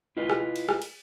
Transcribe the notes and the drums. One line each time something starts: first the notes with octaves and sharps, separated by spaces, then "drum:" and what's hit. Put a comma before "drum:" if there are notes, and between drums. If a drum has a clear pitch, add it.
E4 F4 B4 D#5
drum: rim click
drum: cymbal
drum: rim click
drum: cymbal